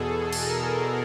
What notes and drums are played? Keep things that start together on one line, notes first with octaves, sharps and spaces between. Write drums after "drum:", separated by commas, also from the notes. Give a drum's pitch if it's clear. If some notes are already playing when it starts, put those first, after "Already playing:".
Already playing: E2 B2 G#4 A4
A#4, drum: cymbal